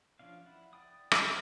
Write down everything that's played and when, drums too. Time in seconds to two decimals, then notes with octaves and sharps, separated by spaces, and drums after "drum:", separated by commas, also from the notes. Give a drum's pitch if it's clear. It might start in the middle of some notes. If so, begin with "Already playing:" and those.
0.19 F3 C#4 D4 F5
0.46 E4 F#5
0.73 D5 G5 D#6
1.11 drum: rim click